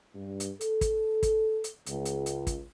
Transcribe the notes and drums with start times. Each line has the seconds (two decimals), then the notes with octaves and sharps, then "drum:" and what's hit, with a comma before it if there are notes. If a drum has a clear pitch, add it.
0.14 G2
0.40 drum: hi-hat
0.61 A4, drum: hi-hat
0.81 drum: kick, hi-hat
1.23 drum: kick, hi-hat
1.64 drum: hi-hat
1.86 C#2, drum: hi-hat
2.05 drum: hi-hat
2.26 drum: hi-hat
2.47 drum: kick, hi-hat